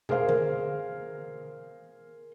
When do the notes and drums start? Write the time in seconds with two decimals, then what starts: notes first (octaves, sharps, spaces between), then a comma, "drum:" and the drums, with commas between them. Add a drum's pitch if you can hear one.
0.09 G#4 A#4 C5 F5, drum: tom
0.29 drum: tom D3